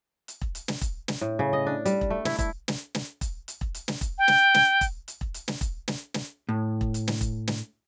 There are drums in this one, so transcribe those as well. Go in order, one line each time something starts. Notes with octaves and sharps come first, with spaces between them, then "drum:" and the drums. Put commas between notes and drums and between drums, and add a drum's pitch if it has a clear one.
drum: hi-hat
drum: kick E1
drum: hi-hat
drum: snare
drum: kick E1, hi-hat
drum: snare
A2
C#3
D#5
D4
G3, drum: hi-hat
drum: kick E1
A3
E4, drum: snare
E4, drum: kick E1, hi-hat
drum: snare
drum: snare
drum: kick E1, hi-hat
drum: hi-hat
drum: kick E1
drum: hi-hat
drum: snare
drum: kick E1, hi-hat
G5
drum: snare
drum: snare
drum: kick E1, hi-hat
drum: hi-hat
drum: kick E1
drum: hi-hat
drum: snare
drum: kick E1, hi-hat
drum: snare
drum: snare
A2
drum: kick E1
drum: hi-hat
drum: snare
drum: kick E1, hi-hat
drum: snare